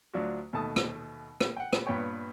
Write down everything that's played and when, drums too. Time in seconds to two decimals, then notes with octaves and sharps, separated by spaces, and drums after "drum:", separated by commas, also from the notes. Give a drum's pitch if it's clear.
0.14 D2 F#3 D4 F4 F#4
0.53 D#2 B2 A3 A5 D#6
0.76 drum: rim click
1.40 drum: rim click
1.57 F#5 G5
1.73 drum: rim click
1.86 G2 A#2 B3 C#5 G5 C#6